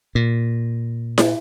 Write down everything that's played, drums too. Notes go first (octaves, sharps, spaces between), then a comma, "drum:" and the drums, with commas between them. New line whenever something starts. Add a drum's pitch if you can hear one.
A#2
drum: snare